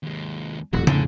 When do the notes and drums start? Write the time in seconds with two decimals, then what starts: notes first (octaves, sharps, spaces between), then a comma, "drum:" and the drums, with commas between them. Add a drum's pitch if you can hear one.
0.03 D#2 G#3
0.73 D#1 F2 A2 F#4
0.87 D3 C#4 G#4, drum: tom